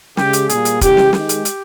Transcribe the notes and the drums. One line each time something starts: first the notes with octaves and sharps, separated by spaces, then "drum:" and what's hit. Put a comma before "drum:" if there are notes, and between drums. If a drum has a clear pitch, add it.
C#3 G#3 G4, drum: snare
drum: hi-hat
A#2 G3 A#3 G#4, drum: hi-hat
drum: hi-hat
C#3 E3 G#3 G4, drum: kick, hi-hat
drum: snare
D#3 G#3 G4, drum: snare
drum: hi-hat
drum: hi-hat